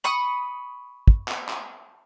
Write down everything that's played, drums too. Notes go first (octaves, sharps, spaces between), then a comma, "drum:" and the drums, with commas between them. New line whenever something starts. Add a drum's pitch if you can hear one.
B5 C#6 D#6
drum: kick
drum: clap
drum: clap